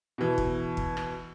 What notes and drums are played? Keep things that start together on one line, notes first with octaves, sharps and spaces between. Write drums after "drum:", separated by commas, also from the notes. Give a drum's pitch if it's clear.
B2 E3
drum: kick
drum: kick
drum: rim click